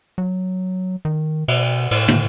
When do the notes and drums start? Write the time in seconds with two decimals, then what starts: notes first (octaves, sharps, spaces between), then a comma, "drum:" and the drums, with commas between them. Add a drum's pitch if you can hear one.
0.18 F#3
1.05 D#3
1.48 B2, drum: cymbal
1.91 A2, drum: cymbal
2.08 drum: tom